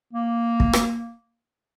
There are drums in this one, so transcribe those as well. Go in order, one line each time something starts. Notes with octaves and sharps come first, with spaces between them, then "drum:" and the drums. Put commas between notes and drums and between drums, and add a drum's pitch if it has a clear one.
A#3
drum: kick
drum: rim click